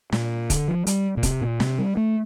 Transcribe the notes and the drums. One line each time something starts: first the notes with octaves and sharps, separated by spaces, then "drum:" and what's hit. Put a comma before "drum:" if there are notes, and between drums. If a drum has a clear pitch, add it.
A#2, drum: snare
D3, drum: kick, hi-hat
F3
G3, drum: hi-hat
A#2
C3, drum: kick, hi-hat
A#2
C3, drum: snare
G3
A3